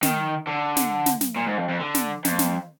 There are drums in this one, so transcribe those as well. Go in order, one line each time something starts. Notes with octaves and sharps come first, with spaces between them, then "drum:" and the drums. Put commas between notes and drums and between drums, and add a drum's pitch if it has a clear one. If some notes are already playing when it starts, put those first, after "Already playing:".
D#3, drum: snare
D3
drum: snare
drum: snare
drum: snare
A#2
G#2
F2
F2
D3
drum: snare
F2, drum: snare
drum: snare